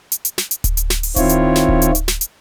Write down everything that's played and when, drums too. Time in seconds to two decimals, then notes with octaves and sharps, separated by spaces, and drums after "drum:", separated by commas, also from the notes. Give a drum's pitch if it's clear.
0.12 drum: hi-hat
0.25 drum: hi-hat
0.38 drum: snare
0.51 drum: hi-hat
0.64 drum: kick D1, hi-hat
0.77 drum: hi-hat
0.90 drum: snare
1.03 drum: open hi-hat
1.16 D#3 C4 E4 F4 C#5, drum: kick D1, hi-hat
1.29 drum: hi-hat
1.56 drum: snare
1.69 drum: kick D1
1.82 drum: hi-hat
1.95 drum: hi-hat
2.08 drum: snare
2.21 drum: hi-hat